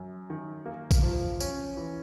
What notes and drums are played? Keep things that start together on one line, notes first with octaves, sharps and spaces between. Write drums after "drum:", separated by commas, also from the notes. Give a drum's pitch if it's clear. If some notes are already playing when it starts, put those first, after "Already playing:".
Already playing: F#2
D#3
A#3
drum: kick, tambourine
F3
C#4, drum: tambourine
E3